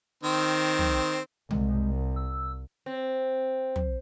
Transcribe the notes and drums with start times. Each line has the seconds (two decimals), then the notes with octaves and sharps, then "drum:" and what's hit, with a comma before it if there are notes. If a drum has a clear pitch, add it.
0.23 D#3 C4
0.79 drum: tom
1.51 C2 G#3, drum: tom C#3
2.16 E6
2.86 C4
3.76 drum: tom